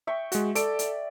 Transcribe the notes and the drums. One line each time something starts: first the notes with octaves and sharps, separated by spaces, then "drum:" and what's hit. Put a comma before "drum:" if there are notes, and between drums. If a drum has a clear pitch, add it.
E5 G5 C#6
G#3 F#4, drum: hi-hat
A4 D5 D7, drum: hi-hat
drum: hi-hat